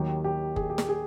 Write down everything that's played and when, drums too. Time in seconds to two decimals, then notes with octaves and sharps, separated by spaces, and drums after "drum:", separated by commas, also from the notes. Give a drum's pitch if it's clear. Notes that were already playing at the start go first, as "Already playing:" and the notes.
Already playing: D#2 D#3 F#3 G4
0.24 G4
0.56 G#4, drum: kick F#1
0.70 G4
0.78 G#4, drum: snare
0.89 G#4